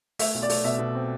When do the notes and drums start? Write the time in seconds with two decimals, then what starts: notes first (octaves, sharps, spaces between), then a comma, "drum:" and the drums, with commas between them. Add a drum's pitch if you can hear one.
0.19 A3 E5, drum: open hi-hat
0.34 B1
0.42 D5
0.50 A3, drum: open hi-hat
0.64 B2 E5
0.79 B2
0.95 C4